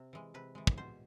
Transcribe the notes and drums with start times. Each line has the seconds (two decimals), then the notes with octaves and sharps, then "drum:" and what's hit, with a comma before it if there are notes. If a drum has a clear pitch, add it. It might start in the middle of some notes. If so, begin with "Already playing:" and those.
Already playing: C3
0.13 E3 G#3
0.34 C3 B4
0.55 E3 G#3
0.67 drum: kick
0.77 B2 C5